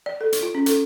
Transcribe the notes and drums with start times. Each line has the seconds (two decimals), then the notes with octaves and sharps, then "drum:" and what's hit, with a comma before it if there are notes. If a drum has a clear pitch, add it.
0.06 D5
0.21 A4
0.32 drum: hi-hat
0.42 F4
0.55 C#4
0.66 A4, drum: hi-hat